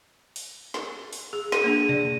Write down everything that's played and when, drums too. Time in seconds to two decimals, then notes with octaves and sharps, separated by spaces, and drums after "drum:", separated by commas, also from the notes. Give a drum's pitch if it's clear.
0.36 drum: open hi-hat
0.74 drum: snare
1.13 drum: open hi-hat
1.33 G#4
1.52 D#7, drum: snare
1.64 A#3 D4 G#4
1.89 D5, drum: tom B2